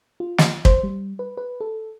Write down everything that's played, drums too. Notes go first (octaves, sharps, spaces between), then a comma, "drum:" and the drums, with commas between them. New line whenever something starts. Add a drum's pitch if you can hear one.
F4
drum: snare
C5, drum: kick
G3
B4
B4
A4